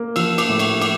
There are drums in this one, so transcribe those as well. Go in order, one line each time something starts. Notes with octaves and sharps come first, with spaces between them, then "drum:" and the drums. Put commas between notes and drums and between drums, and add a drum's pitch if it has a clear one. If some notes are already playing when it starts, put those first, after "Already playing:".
Already playing: A#3
F3 E6, drum: cymbal
D6, drum: cymbal
A2
C#6, drum: cymbal
D6, drum: cymbal